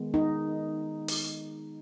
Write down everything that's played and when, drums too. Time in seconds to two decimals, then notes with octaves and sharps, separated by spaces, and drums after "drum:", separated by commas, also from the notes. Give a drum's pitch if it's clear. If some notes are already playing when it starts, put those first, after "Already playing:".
Already playing: D#3 G#3 B3
0.14 D#4
1.08 drum: open hi-hat